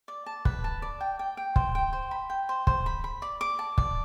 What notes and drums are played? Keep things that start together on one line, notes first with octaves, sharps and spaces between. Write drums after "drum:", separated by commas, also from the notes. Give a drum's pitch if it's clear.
D5
A5
B4, drum: kick
A5
D5
G5
G5
G5
C5, drum: kick
G5
C5
B5
G5
C5
C5, drum: kick
B5
B5
D5
D6
A5
D5, drum: kick